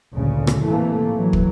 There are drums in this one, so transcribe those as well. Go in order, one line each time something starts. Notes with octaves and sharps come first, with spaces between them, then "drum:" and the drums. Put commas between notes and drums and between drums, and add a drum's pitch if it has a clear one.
A1 D2 A#2 C#3
drum: rim click
A2 C3 E3 A3 A#3
E3 F#3
drum: kick